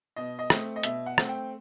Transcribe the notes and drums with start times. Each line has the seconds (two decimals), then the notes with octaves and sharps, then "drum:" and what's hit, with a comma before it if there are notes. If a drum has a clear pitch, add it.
0.16 B2 D#5
0.39 D#5
0.50 A3 C4, drum: rim click
0.76 D#5
0.83 B2 E5, drum: hi-hat
1.06 F#5
1.18 A3 C4, drum: rim click
1.29 G5